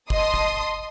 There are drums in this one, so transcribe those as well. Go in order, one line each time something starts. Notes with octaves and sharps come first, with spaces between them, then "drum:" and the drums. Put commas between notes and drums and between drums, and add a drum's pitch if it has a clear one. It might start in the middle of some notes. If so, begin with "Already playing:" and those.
D#5 A5 C6 D#6, drum: kick
drum: kick